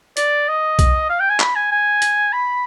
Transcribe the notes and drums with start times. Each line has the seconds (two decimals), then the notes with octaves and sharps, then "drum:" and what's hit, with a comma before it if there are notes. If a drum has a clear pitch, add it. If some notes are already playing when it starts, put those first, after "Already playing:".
0.17 D5, drum: hi-hat
0.48 D#5
0.79 drum: kick B1, hi-hat
1.09 F5
1.20 G5
1.30 G#5
1.40 B5, drum: clap
1.56 G#5
1.71 G#5
2.02 drum: hi-hat
2.33 B5